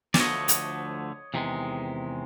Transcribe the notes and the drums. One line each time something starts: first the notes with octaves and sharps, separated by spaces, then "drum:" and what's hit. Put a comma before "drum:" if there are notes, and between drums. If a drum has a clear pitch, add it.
D5, drum: snare
D2 D3 F3 A3 C#5 D#5
drum: hi-hat
E2 C3 D#3 G#3